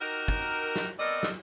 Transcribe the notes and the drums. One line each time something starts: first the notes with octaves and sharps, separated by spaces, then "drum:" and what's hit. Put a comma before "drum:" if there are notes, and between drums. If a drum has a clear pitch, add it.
D#4 F#4 G4 A#4
drum: kick
drum: snare
B3 C4 A4 A#4 D5 D#5
drum: snare